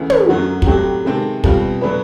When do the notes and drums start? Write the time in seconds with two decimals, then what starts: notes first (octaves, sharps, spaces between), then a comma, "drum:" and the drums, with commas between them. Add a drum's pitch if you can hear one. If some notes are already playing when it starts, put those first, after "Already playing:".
Already playing: D2 C#3 E3
0.10 drum: tom
0.28 F#2 D3 F#3 A3 F#4
0.62 F#4, drum: kick
0.66 A2 F#3 A3 C4 G4
1.05 C3 D#3 G#3 C4 A4
1.44 B2 G3 C4 F4, drum: kick
1.81 B2 F#3 A3 D4 B4